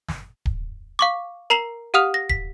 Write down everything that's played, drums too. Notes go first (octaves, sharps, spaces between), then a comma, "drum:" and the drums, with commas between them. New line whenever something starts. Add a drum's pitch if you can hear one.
drum: snare
drum: kick D1
F5 C#6 D6
A#4 A#5 C7 F7 F#7
G4 F5 F#5 D#6 F6 F7
A#6
B6, drum: kick D1